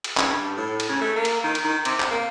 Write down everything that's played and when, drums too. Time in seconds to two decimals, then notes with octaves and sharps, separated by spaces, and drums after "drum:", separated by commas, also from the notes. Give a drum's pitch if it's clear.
0.04 drum: cymbal
0.17 C#3, drum: clap
0.30 G2
0.57 A2
0.80 drum: cymbal
0.89 C#3
1.01 A3
1.16 A#3
1.25 drum: cymbal
1.44 D#3
1.55 drum: cymbal
1.64 D#3
1.85 C3, drum: cymbal
2.00 drum: clap
2.11 A#3